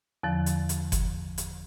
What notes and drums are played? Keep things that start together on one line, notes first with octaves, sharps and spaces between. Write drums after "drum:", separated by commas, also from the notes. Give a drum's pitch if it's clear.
E2 D3 F3
drum: hi-hat
drum: hi-hat
drum: kick F#1, hi-hat
drum: hi-hat